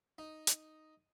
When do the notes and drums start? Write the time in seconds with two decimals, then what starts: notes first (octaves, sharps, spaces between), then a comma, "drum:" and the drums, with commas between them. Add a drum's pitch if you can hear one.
0.18 D#4
0.47 drum: hi-hat